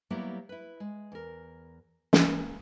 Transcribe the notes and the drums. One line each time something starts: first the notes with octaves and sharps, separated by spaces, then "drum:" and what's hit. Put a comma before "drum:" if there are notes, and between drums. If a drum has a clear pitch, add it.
F#3 G3 A#3 B3 E4 G4
E4 B4
G#3
E2 A#4
E3 G#3 A#3, drum: snare